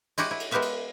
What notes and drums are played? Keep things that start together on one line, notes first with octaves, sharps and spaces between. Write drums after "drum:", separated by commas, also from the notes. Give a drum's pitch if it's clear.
G#3 E4 F#4 G4, drum: cymbal
E4
drum: cymbal
G#3 B3 G4 B4 E5 F5
drum: cymbal